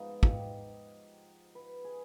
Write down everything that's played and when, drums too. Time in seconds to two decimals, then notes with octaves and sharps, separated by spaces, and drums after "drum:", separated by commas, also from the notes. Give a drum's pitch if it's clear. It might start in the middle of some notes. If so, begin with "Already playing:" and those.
Already playing: G#2 F3 B3 D#4
0.09 F4
0.23 G4, drum: kick
1.55 B4
1.84 G#4